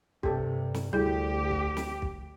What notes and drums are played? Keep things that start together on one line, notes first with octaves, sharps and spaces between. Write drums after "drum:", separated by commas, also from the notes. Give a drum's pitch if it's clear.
G2 C3 G4 A4, drum: kick
drum: snare
D2 G3 E4 G4 G#4 G6
drum: kick
drum: snare
drum: kick